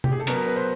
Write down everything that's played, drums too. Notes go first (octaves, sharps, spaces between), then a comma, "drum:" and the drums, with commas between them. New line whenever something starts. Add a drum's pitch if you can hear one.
G4, drum: tom C3
G#4
A4
B2 F#3 B3 A#4, drum: hi-hat
A#4
B4
C5